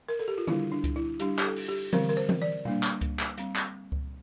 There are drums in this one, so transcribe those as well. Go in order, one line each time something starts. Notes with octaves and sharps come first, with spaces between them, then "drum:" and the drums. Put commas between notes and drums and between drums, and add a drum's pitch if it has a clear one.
A#4
A4
G4
F4
D3 G3 D4 E4, drum: tom D#3
D4
drum: kick C#2, hi-hat
E4
G3 D4 G4, drum: hi-hat
G4, drum: clap
A4
drum: open hi-hat
G4
D3 G3 C4 A#4, drum: tom E3
A#4
C5
drum: tom E3
D5
G3 A#3 D4, drum: tom B2
drum: clap
drum: kick C#2, hi-hat
drum: clap
G3 C4, drum: hi-hat
drum: clap
drum: kick C#2